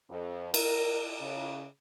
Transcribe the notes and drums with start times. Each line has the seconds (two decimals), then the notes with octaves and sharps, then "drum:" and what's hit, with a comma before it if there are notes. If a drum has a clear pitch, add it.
0.10 F2
0.54 A#4, drum: cymbal
1.21 C#3